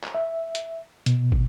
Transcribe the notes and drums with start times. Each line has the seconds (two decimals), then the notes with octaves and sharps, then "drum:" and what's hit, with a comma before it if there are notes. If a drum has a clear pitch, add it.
0.03 drum: clap
0.15 E5
0.55 drum: hi-hat
1.06 B2, drum: hi-hat
1.32 drum: kick